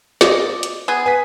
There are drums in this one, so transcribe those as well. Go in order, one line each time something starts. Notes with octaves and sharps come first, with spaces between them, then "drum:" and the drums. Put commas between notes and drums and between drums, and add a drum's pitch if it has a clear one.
D5 D#5, drum: snare
drum: hi-hat
B3 G#4
B4 G#5 B6